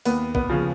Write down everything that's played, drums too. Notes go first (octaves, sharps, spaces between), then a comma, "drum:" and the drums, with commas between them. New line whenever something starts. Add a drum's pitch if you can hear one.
D#2 B3, drum: open hi-hat
B3, drum: kick
C#3 F3